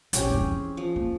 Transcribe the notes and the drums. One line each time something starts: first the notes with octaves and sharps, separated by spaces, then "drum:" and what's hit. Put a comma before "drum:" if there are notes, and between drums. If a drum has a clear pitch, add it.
A#1 C4 C#4 G4, drum: hi-hat
E2 G2 G#4
E3
F3
A#3